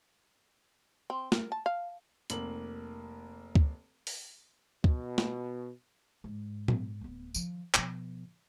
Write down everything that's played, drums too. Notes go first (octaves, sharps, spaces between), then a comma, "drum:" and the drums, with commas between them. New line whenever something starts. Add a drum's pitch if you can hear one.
C4
A#4, drum: snare
A5
F5
F1 A#3 F#7, drum: hi-hat
drum: kick
drum: open hi-hat
B2, drum: kick
drum: snare
G#2
drum: tom A#2
D1 B3
D#3 F3, drum: tambourine
B2 F3, drum: clap